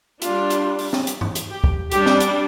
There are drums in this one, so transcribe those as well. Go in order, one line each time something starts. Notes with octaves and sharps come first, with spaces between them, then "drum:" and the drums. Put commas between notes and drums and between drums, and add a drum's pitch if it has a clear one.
G3 D4 F4, drum: hi-hat
drum: hi-hat
drum: open hi-hat
drum: snare
drum: hi-hat
drum: tom G2
drum: hi-hat
G4
drum: kick
G3 D4 G4, drum: hi-hat
drum: snare
drum: hi-hat